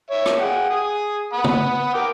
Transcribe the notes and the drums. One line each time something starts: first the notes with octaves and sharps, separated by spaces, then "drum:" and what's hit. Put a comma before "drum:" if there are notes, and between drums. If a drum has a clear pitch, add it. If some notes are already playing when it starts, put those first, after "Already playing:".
C#5 E5
drum: rim click
G#4 F#5 G5
G#4 D#6
F#5 B5 D#6
drum: tom
A#4 G5 D6